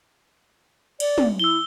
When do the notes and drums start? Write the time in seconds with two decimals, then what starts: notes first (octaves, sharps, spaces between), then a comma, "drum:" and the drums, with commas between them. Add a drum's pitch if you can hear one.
1.00 D5, drum: cymbal
1.18 drum: tom
1.39 E4 E6 G7